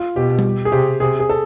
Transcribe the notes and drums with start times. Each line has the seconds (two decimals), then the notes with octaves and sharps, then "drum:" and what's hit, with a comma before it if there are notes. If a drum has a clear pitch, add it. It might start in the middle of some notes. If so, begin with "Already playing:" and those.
Already playing: F4
0.16 B2 G4
0.39 drum: tom G3
0.65 G#4
0.72 C3 G4
1.00 C3 G#4
1.19 G#4
1.29 A4